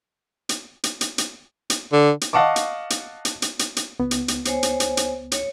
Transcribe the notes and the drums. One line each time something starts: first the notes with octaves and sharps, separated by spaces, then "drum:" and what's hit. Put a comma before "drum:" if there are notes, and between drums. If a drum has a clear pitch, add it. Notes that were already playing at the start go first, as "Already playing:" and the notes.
drum: hi-hat
drum: hi-hat
drum: hi-hat
drum: hi-hat
drum: hi-hat
D3
drum: hi-hat
D#5 F5 F#5 A5 C#6 D6
drum: hi-hat
drum: hi-hat
drum: hi-hat
drum: hi-hat
drum: hi-hat
drum: hi-hat
C#2 B3
drum: hi-hat
drum: hi-hat
C5 C#5 G#5, drum: hi-hat
drum: hi-hat
drum: hi-hat
drum: hi-hat
C#5, drum: hi-hat